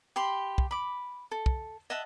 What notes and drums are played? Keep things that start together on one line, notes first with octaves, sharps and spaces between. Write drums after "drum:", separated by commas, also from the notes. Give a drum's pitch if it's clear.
G4 B5 C6
drum: kick
B5 D6
A4
drum: kick
D#5 E5 F#5 A5